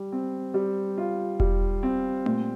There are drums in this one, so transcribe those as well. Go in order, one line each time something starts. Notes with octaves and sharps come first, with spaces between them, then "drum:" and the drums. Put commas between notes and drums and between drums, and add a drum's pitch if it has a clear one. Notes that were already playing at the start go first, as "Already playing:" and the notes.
Already playing: G3
C4
G3
F4
G3, drum: kick E1
C4
A#2, drum: tom A3